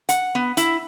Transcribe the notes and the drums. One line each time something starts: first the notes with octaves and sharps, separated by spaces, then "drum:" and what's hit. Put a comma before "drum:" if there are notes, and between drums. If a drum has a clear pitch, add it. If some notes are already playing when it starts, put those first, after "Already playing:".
F#5, drum: hi-hat
B3
E4, drum: hi-hat